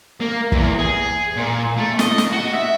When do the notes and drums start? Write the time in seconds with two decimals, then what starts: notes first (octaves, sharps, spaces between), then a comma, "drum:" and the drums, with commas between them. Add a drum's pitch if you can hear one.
0.20 A#3
0.52 E2, drum: kick
0.78 G#4
1.36 A#2
1.77 A3
1.99 D#5, drum: snare
2.18 drum: snare
2.33 F#4
2.54 E5